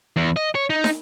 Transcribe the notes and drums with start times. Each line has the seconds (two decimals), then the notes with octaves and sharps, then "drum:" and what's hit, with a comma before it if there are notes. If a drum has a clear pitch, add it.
0.16 E2
0.36 D#5
0.55 C#5
0.70 D#4
0.84 drum: snare